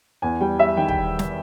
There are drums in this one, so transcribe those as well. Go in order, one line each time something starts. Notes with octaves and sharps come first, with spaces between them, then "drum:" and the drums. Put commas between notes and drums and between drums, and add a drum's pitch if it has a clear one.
E2 G#5
G3 G5
G3 E5
D#3 G5
G5, drum: kick
drum: snare